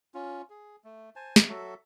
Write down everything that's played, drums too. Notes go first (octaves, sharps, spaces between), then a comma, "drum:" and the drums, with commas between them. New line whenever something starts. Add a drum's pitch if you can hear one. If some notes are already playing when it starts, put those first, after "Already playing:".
C#4 F4
G#4
A3
C5 G#5 A5
drum: snare
F#3 F#4 A4 E5